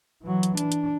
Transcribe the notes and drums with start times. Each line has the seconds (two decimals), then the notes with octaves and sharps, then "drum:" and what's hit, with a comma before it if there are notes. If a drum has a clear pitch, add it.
0.23 E3 F#3
0.43 drum: hi-hat
0.57 D4, drum: hi-hat
0.72 drum: hi-hat